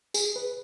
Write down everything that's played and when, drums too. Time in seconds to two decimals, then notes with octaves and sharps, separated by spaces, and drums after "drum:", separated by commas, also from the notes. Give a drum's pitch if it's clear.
0.14 G#4, drum: tambourine
0.36 B4